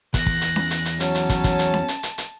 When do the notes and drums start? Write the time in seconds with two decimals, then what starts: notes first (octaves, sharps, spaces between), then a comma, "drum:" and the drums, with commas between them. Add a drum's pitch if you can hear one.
0.14 E2 F#6 A#6, drum: kick, hi-hat
0.26 drum: kick
0.41 drum: hi-hat
0.56 drum: snare C#4
0.71 drum: hi-hat
0.85 drum: hi-hat
1.00 F#3 C#4 A5, drum: hi-hat
1.15 drum: hi-hat
1.29 drum: kick, hi-hat
1.44 drum: kick, hi-hat
1.59 drum: hi-hat
1.74 drum: snare C#4
1.88 drum: hi-hat
2.03 drum: hi-hat
2.18 drum: hi-hat